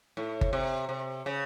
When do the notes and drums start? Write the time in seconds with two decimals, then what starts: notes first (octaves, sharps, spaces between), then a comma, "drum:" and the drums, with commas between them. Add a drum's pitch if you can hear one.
0.17 A2
0.41 drum: kick G1
0.53 C3
0.89 C3
1.26 C#3